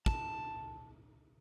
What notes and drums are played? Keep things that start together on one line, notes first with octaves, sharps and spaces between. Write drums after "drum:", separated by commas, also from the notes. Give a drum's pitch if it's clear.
A5, drum: kick